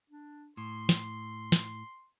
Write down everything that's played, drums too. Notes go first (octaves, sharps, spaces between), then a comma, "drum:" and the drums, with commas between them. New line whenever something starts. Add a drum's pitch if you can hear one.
D4
A2 C6
drum: snare
drum: snare